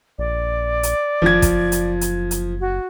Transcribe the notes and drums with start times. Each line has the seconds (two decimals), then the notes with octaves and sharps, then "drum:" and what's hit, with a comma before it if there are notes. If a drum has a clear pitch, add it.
0.19 A#1 D5
0.83 drum: hi-hat
1.22 F#1 F3 G#6
1.42 drum: kick, hi-hat
1.72 drum: hi-hat
2.01 drum: hi-hat
2.31 drum: hi-hat
2.60 F#4